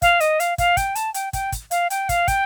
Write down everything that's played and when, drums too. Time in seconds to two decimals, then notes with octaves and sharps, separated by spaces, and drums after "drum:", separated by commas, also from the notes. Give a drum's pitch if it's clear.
0.02 F5, drum: kick, hi-hat
0.20 D#5, drum: hi-hat
0.40 F5, drum: hi-hat
0.58 F5, drum: kick, hi-hat
0.77 G5, drum: kick, hi-hat
0.95 A5, drum: hi-hat
1.14 G5, drum: hi-hat
1.33 G5, drum: kick, hi-hat
1.52 drum: kick, hi-hat
1.71 F5, drum: hi-hat
1.90 G5, drum: hi-hat
2.09 F5, drum: kick, hi-hat
2.28 G5, drum: kick, hi-hat